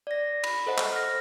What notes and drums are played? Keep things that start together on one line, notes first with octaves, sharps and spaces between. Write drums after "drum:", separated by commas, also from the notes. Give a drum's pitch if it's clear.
D5 A#6
B5, drum: cymbal
A4 C5 D#5 F#5
drum: clap
F6 A#6